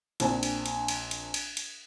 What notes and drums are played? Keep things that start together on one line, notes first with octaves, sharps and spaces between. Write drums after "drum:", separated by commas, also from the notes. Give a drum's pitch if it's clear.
A#1 C4 D4 G#5, drum: cymbal
drum: cymbal
drum: cymbal
drum: cymbal
drum: cymbal
drum: cymbal
drum: cymbal